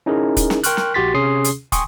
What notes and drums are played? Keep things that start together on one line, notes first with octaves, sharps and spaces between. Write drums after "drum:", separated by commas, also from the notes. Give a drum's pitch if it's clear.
C#4 D#4 E4 G#4 A#4
drum: kick, hi-hat
drum: snare
A#4 G5 C6 C#6 F6 F#6, drum: hi-hat
drum: snare
A#1 F#4 G4 C6 A6 B6
C3 C#4 G#4 C6 D#6 C7
drum: hi-hat
G5 G#5 C6 C#6 D#6, drum: kick, hi-hat